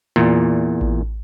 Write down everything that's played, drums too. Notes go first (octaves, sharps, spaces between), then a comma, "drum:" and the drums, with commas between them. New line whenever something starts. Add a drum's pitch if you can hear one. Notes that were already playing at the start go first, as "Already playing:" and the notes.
E2 A#2
drum: kick A1